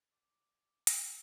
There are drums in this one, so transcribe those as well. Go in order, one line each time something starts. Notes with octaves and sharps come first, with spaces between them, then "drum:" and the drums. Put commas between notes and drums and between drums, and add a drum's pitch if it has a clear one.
D5
drum: hi-hat